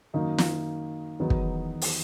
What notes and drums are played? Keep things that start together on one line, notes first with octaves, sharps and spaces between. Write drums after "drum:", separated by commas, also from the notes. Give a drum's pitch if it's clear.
F#2 D#3 A#3 D#4
drum: snare
E2 D#3 F#3 B3 D#4
drum: kick
drum: open hi-hat